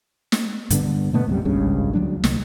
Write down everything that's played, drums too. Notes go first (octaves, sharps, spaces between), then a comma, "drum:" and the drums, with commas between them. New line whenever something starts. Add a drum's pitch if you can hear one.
drum: snare
G2 D3 B3, drum: hi-hat
B2 D3 A3 B3
B1 F#2 C3 G3
G#1 C#2 G2 C#3
D2 F#3 D4
C2, drum: snare